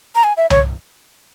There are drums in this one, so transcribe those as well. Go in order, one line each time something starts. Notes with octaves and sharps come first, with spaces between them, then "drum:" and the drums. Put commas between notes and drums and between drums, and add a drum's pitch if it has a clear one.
A#5
G#5
E5
C#5, drum: tom C2